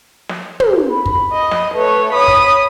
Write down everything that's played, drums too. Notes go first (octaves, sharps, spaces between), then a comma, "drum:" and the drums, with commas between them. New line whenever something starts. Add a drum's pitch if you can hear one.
drum: snare
drum: tom
B5
drum: kick
D#5
drum: snare
A3 B4 C#5
C#5 B5 D#6
drum: kick